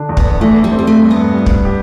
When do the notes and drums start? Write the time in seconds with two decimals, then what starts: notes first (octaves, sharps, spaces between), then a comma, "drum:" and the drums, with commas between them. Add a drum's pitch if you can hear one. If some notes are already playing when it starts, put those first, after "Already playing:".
Already playing: D3 D4
0.09 E2
0.17 B3, drum: kick
0.41 E3 A3
0.64 G3
0.71 C4
0.79 G3
0.87 A3
1.03 G2
1.11 B3
1.33 G3
1.46 drum: kick
1.65 G4